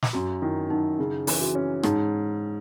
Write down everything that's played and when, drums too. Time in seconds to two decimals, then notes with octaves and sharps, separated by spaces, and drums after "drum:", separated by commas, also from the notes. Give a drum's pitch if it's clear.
0.03 drum: snare
0.13 F#2 F#4
0.42 D#3 E4
0.70 F#2 D#4
0.99 C#3
1.27 E3, drum: open hi-hat
1.41 F#4
1.55 C#4
1.83 G#2 D#4, drum: rim click